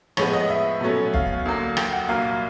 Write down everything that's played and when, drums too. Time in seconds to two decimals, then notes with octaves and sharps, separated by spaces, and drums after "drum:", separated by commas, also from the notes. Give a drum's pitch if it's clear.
0.17 A2 F3 G#3 B3 C#5, drum: rim click
0.33 D#5
0.49 E5
0.81 B2 F#3 A3 C#4
1.14 F5, drum: kick
1.45 D2 D3 F#3 A#3
1.77 G5, drum: rim click
1.93 F#5
2.08 C2 A#2 F#3 A#3 F5